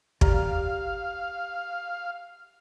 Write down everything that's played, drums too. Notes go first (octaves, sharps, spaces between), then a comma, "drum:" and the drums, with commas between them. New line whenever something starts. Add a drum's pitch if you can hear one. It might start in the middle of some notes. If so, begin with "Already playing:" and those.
G4 D5 F5 A#5, drum: kick